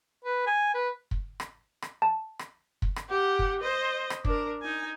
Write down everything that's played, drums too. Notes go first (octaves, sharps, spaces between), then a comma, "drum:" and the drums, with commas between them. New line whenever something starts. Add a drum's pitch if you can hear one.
B4
G#5
B4
drum: kick
drum: rim click
drum: rim click
A5
drum: rim click
drum: kick
drum: rim click
G4 F#5
drum: kick
C5 D#5
drum: rim click
D4 A#4, drum: kick
D#4 G#5